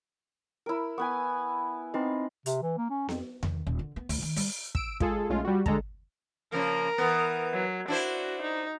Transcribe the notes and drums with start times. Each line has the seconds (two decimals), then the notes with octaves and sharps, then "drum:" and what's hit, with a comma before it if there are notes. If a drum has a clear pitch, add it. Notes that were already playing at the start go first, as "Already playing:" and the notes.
0.66 E4 A#4
0.98 B3 B4 G#5 C#6
1.94 C4 D#4 B4 D#5 C6
2.46 C3, drum: hi-hat
2.62 E3
2.77 A#3
2.90 C#4
3.09 F2, drum: snare B3
3.43 D#3, drum: tom E2
3.67 D#1
3.79 D3
3.96 B3
4.09 D2, drum: open hi-hat
4.22 D#3
4.36 G3, drum: open hi-hat
4.75 E6 D7, drum: kick
5.00 G#3 F4 G#4 A4, drum: kick
5.30 B1 G#3 A3 C#4 F4
5.45 G3 F#4
5.66 D3 G#3 A4 A#5, drum: kick
6.52 C#3 F3 A#3 A#4
6.98 E3 B3
7.53 F#3
7.88 D4 E4 F#4 C5
8.42 D#4